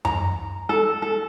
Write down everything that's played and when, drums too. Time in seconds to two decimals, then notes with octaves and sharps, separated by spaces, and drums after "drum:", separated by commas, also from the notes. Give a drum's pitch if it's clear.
0.05 A#5, drum: tom F#2
0.69 A4
1.02 A4